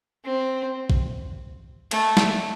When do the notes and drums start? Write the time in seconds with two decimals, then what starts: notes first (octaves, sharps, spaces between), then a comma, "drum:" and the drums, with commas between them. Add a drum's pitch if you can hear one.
0.25 C4
0.90 drum: kick A#1
1.91 A3, drum: cymbal
2.17 drum: snare